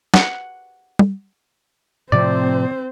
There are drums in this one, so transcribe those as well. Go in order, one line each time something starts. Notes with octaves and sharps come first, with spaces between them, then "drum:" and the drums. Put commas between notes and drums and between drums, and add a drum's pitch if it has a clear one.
F#5, drum: snare
drum: tom
A2 C3 F3 C4 C5 D5